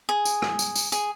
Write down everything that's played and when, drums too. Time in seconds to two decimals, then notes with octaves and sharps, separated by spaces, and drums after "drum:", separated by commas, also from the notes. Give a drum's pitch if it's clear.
0.09 G#4
0.25 drum: tambourine
0.42 drum: rim click
0.59 drum: tambourine
0.76 drum: tambourine
0.92 G#4, drum: tambourine